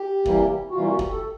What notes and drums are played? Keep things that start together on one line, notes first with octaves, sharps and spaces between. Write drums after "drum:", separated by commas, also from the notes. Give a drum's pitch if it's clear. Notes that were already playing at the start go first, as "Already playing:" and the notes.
Already playing: G4
C3 E3 G3 A#3, drum: kick
F#4
C3 E3 G3 A#3 F4
F#4
G4, drum: kick
A4